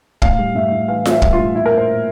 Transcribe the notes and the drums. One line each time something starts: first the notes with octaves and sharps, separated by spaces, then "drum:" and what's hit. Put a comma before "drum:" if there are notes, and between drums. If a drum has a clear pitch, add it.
A2 F5, drum: kick
G3
A2 E5
A2
E3 F5
E3 E5, drum: snare F4
G3, drum: kick
A2 F4
A#2 E4
A#4
A#2
C5
A#2